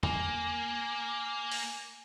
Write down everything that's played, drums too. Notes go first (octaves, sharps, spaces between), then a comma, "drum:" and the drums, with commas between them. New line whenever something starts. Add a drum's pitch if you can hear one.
A#3 G#5, drum: tom E2
drum: open hi-hat